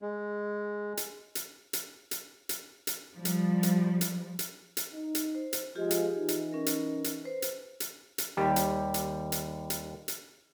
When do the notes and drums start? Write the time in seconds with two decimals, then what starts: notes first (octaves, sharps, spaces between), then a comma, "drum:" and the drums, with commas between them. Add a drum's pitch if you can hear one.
0.02 G#3
0.97 drum: hi-hat
1.35 drum: hi-hat
1.73 drum: hi-hat
2.11 drum: hi-hat
2.49 drum: hi-hat
2.87 drum: hi-hat
3.15 F3 G3
3.25 drum: hi-hat
3.63 drum: hi-hat
4.01 drum: hi-hat
4.39 drum: hi-hat
4.77 drum: hi-hat
4.92 D#4
5.15 drum: hi-hat
5.35 C5
5.53 drum: hi-hat
5.75 F3 G#3 F4 G4 G#4
5.91 drum: hi-hat
6.15 E3 D#4
6.28 drum: hi-hat
6.53 C#4 A#4
6.66 drum: hi-hat
7.04 drum: hi-hat
7.24 B4 C5
7.42 drum: hi-hat
7.80 drum: hi-hat
8.18 drum: hi-hat
8.37 D#2 G3 G4
8.56 drum: hi-hat
8.94 drum: hi-hat
9.32 drum: hi-hat
9.70 drum: hi-hat
10.08 drum: hi-hat